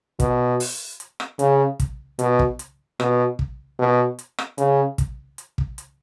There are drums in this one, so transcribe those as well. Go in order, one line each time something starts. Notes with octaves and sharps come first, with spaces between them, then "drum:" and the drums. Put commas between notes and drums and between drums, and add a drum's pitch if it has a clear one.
B2, drum: kick, hi-hat
drum: open hi-hat
drum: hi-hat
drum: rim click
C#3, drum: hi-hat
drum: kick, hi-hat
B2, drum: hi-hat
drum: kick
drum: hi-hat
B2, drum: rim click
drum: kick
B2
drum: hi-hat
drum: rim click
C#3, drum: hi-hat
drum: kick, hi-hat
drum: hi-hat
drum: kick
drum: hi-hat